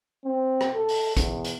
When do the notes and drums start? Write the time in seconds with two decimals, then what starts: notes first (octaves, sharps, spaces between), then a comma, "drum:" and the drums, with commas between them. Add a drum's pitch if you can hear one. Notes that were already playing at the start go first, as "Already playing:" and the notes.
0.25 C4
0.61 drum: rim click
0.75 A4
0.89 drum: open hi-hat
1.17 E2, drum: kick, hi-hat
1.45 drum: hi-hat